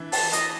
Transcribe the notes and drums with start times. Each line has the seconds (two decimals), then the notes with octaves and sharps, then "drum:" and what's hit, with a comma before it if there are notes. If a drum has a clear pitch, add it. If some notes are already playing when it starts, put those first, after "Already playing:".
Already playing: E3 D4 E4
0.12 A5, drum: open hi-hat
0.33 D#5, drum: hi-hat